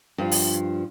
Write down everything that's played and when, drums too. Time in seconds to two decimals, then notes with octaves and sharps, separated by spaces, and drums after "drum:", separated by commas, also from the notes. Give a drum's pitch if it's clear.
0.18 G2 F3
0.32 drum: open hi-hat